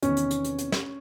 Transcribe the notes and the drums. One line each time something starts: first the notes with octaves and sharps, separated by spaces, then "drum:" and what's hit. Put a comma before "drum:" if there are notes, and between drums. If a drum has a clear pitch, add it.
E2 C3 D#3 C#4, drum: hi-hat
drum: hi-hat
drum: hi-hat
drum: hi-hat
drum: hi-hat
drum: snare